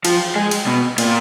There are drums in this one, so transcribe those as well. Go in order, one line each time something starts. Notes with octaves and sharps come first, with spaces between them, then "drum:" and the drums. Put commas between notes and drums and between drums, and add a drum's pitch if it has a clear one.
F3 F4, drum: cymbal
G#3 G#4
drum: cymbal
B2 B3
A#2 A#3, drum: cymbal